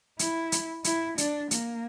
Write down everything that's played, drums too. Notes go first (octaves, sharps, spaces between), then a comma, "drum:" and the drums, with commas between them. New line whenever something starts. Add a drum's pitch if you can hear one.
E4, drum: hi-hat
drum: hi-hat
E4, drum: hi-hat
D4, drum: hi-hat
A#3, drum: hi-hat